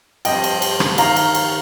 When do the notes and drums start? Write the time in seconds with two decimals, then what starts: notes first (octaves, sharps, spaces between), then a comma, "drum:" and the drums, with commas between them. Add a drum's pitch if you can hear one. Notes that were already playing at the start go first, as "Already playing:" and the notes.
0.25 G2 F3 C4 D#5 G5, drum: cymbal
0.44 drum: cymbal
0.62 drum: cymbal
0.80 drum: rim click
0.98 D#3 F5 A#5, drum: cymbal
1.16 drum: cymbal
1.35 drum: cymbal